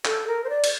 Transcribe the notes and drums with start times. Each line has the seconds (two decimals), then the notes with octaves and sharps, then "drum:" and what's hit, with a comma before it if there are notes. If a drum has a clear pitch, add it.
0.05 A4, drum: clap
0.27 A#4
0.44 C5
0.49 D5
0.64 drum: cymbal